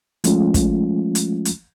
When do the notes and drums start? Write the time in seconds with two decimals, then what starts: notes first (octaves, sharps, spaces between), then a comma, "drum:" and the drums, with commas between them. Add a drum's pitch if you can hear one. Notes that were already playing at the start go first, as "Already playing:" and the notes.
0.24 F3 G#3 A3 C#4 F4, drum: hi-hat
0.54 drum: kick, hi-hat
1.15 drum: hi-hat
1.45 drum: hi-hat